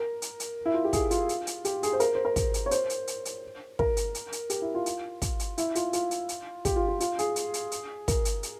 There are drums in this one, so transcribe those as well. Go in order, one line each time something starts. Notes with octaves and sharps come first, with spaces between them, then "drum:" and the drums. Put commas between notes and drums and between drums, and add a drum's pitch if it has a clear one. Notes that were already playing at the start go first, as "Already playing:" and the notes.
Already playing: A#4
drum: hi-hat
drum: hi-hat
E4
F4
G4
G#4, drum: kick, hi-hat
F4, drum: hi-hat
drum: hi-hat
drum: hi-hat
G4, drum: hi-hat
G#4, drum: hi-hat
C5
A#4, drum: hi-hat
C5
A#4
drum: kick, hi-hat
drum: hi-hat
C#5
C5, drum: hi-hat
drum: hi-hat
drum: hi-hat
drum: hi-hat
A#4, drum: kick
drum: hi-hat
drum: hi-hat
drum: hi-hat
G4, drum: hi-hat
E4
F4
drum: hi-hat
drum: kick, hi-hat
drum: hi-hat
E4, drum: hi-hat
F4, drum: hi-hat
F4, drum: hi-hat
drum: hi-hat
drum: hi-hat
G4, drum: kick, hi-hat
F4
F4
F4, drum: hi-hat
G#4, drum: hi-hat
drum: hi-hat
drum: hi-hat
drum: hi-hat
A#4, drum: kick, hi-hat
drum: hi-hat
drum: hi-hat